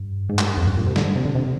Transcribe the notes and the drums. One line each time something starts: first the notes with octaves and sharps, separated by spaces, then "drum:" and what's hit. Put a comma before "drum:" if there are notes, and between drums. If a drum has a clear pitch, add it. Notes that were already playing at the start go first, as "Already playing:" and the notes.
Already playing: G2
G#2
G2, drum: clap
F2
G2
A#2
C3
D3, drum: snare
C3
D3
C3